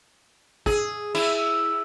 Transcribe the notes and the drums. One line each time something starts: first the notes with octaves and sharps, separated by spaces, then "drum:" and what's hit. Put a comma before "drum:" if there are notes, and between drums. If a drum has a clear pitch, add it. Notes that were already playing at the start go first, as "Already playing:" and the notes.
G#4, drum: kick
E4, drum: cymbal